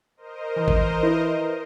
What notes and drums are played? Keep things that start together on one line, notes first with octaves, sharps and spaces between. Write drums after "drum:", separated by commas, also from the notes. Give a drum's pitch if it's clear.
A#4 C5 D#5
E3
drum: kick G#1
E4 B4 E5